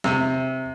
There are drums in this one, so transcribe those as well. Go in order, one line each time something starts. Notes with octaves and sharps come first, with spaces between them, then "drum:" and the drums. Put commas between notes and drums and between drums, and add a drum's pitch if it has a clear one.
C3, drum: snare